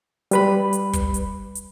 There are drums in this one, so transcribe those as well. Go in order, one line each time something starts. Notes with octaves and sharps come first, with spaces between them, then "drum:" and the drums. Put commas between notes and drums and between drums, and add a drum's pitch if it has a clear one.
G3 B4 B5, drum: hi-hat
drum: hi-hat
drum: kick, hi-hat
drum: hi-hat
drum: hi-hat